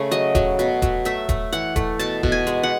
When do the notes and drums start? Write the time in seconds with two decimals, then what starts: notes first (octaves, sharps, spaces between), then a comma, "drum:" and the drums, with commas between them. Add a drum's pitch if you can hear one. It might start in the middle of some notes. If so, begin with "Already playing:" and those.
Already playing: C#3 A3
0.11 F#3 D#5, drum: hi-hat
0.35 F#3, drum: kick D#1, hi-hat
0.59 B2, drum: hi-hat
0.82 F#3, drum: kick D#1, hi-hat
1.05 A3 E5, drum: hi-hat
1.29 A3, drum: kick D#1, hi-hat
1.52 E3 F#5, drum: hi-hat
1.76 A3, drum: kick D#1, hi-hat
1.99 B2 A5, drum: hi-hat
2.23 B2, drum: kick D#1
2.32 G#5
2.47 G#3, drum: hi-hat
2.63 F#5